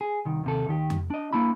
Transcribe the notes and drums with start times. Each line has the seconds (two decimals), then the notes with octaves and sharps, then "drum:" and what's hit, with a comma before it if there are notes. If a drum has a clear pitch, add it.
0.01 G#4
0.25 C2 D#3
0.44 D#2 C3 A4
0.67 D#2 D#3 G4
0.90 drum: tom F2
1.10 D4 D#5
1.33 A#3 D4 E4 B5